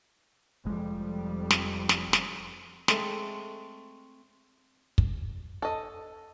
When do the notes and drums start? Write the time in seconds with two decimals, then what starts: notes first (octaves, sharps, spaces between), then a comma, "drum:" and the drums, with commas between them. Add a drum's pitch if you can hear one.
0.65 F1 F2 G3 G#3
1.50 drum: snare
1.89 drum: snare
2.13 drum: snare
2.88 G#3 A3 C4 A4, drum: snare
4.98 drum: kick
5.62 A4 D#5